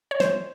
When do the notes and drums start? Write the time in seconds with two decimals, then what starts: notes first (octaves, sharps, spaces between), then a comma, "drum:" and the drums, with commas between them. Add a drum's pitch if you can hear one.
0.11 C#5
0.20 C5, drum: snare